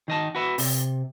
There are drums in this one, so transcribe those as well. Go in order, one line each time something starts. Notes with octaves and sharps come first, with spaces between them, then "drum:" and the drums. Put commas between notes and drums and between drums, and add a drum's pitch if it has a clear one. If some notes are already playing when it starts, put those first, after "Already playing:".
D#3 D#5 A5
F#4 B4 E5
C3, drum: open hi-hat